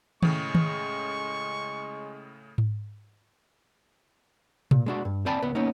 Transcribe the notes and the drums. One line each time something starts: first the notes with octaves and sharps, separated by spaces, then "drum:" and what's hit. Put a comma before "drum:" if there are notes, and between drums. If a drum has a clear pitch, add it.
A2 C#3 G#3 C#6, drum: tom D#3
drum: tom D#3
drum: tom G#2
A#2, drum: tom B2
G#3 D4 F#4
G2
C4 C5 D5 G#5 A5 B5
C#2 B3 B4
A#3 B3 C#4 D#4